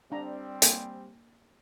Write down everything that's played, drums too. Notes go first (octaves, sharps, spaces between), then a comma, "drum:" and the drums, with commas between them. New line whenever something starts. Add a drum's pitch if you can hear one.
G3 C4 D4 A#5
A#3 G5 G#5, drum: hi-hat